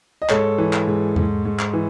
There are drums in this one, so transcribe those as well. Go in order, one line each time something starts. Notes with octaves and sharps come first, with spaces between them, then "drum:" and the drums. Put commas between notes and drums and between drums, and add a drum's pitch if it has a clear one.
D#5
G#2 A4 C#5, drum: clap
E3
drum: clap
G#2
G#2, drum: tom E2
G#2
drum: clap
E3